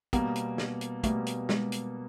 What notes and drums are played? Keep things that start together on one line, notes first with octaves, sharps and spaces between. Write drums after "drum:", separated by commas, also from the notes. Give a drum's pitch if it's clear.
B2 G3 A#3 B3, drum: kick, hi-hat
drum: hi-hat
drum: snare
drum: hi-hat
B2 G3 A3 A#3, drum: kick, hi-hat
drum: hi-hat
G#3, drum: snare
drum: hi-hat